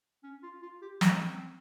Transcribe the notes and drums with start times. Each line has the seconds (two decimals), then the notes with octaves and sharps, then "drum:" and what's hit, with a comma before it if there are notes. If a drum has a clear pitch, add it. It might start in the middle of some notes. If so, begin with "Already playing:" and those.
0.24 C#4
0.43 F4
0.62 F4
0.82 G4
1.01 C4, drum: snare
1.12 C#4
1.22 C4